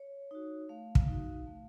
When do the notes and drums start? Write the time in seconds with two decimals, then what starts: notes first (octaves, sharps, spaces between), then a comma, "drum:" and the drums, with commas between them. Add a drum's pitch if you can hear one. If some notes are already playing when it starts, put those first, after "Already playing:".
Already playing: C#5
0.31 D#4 F#4
0.69 A3 F5
0.95 drum: kick
1.08 D#4 F#4
1.46 A3